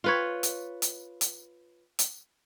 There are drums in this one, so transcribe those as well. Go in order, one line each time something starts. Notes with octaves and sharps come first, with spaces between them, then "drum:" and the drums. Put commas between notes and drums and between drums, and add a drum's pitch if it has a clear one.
F4 B4 C#5
drum: hi-hat
drum: hi-hat
drum: hi-hat
drum: hi-hat